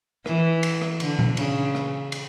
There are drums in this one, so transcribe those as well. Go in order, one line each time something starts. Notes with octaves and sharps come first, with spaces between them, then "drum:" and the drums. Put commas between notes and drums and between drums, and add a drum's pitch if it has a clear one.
E3, drum: rim click
drum: cymbal
drum: rim click
D3, drum: cymbal
drum: tom A#2
C#3, drum: cymbal
drum: rim click
drum: cymbal